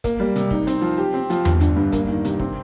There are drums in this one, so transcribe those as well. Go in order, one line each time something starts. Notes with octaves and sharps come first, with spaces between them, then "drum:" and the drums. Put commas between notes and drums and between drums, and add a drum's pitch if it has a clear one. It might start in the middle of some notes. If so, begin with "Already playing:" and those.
A#3, drum: kick, hi-hat
G3
C3, drum: hi-hat
D#4, drum: kick
C4, drum: hi-hat
F3
G4
C4
F3, drum: hi-hat
G1, drum: tom E2
D3, drum: hi-hat
G2
A#3, drum: kick, hi-hat
D#3
C3, drum: hi-hat
C4, drum: kick